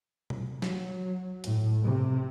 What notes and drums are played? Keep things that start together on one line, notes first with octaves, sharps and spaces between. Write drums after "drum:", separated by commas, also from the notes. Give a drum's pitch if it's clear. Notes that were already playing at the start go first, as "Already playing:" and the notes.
drum: tom B2
F#3, drum: snare
A2, drum: hi-hat
C3